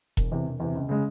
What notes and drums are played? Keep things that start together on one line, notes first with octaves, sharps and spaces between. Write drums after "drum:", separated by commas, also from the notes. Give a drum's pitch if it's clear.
E1, drum: kick E1
E2 C3
E1
E2 C3
C#2
C#3 G#3